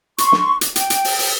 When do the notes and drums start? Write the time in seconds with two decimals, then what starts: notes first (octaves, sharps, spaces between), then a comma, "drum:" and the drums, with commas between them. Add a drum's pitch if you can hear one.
0.18 C6 C#6, drum: hi-hat
0.32 drum: snare
0.61 drum: hi-hat
0.76 G5, drum: hi-hat
0.90 drum: hi-hat
1.04 drum: open hi-hat
1.19 drum: open hi-hat